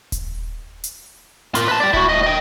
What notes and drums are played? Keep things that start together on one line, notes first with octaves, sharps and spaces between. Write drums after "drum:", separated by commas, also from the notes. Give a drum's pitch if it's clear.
drum: kick D#1, hi-hat
drum: hi-hat
F4 A#4, drum: hi-hat
B4 A5
D5 G5
E4 F#4, drum: kick D#1
A2 D#5
D#5 G5